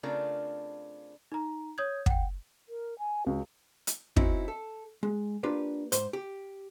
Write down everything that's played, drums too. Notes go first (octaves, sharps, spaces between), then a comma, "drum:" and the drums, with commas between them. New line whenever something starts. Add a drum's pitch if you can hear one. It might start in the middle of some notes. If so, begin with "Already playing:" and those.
C#3 A3 C4 D4 F4 A#4
D#4 A#5
C#5 D#6 G6 G#6
F#5 G5, drum: kick
A#4
G#5
C#2 F#4
drum: hi-hat
C4 C#4 D#4 E4 F#4, drum: kick
A4
G#3
A#3 D4 F4 G4 B4
G#2 C5, drum: hi-hat
G4